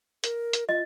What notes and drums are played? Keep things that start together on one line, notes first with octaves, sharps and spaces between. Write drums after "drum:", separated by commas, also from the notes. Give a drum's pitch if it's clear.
A#4, drum: hi-hat
drum: hi-hat
F4 D#5